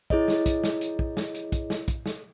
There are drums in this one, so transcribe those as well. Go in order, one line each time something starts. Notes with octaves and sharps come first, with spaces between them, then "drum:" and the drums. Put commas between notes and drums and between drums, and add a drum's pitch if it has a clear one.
E4 G#4 C#5 D#5, drum: kick
drum: snare
drum: kick, hi-hat
drum: snare
drum: hi-hat
drum: kick
drum: snare
drum: hi-hat
drum: kick, hi-hat
drum: snare
drum: kick, hi-hat
drum: snare